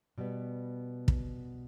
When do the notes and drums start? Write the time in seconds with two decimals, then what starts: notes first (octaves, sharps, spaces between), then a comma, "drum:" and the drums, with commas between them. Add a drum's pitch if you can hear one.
0.18 B2 G3 B3
1.08 drum: kick